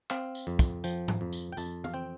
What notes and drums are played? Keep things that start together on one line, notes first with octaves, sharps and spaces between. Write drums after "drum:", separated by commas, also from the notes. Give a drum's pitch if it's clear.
C4 F5, drum: clap
drum: tambourine
F2
drum: kick, tambourine
F3 G5, drum: tambourine
drum: tom G#2
F2
drum: tambourine
G5
F2 A5, drum: tambourine
F5, drum: tom
C4 G5